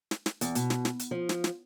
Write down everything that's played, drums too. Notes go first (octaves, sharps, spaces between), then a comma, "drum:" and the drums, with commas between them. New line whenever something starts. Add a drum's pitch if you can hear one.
drum: snare
drum: snare
E2, drum: hi-hat
B2, drum: hi-hat
drum: snare
drum: snare
drum: hi-hat
F3
drum: snare
drum: snare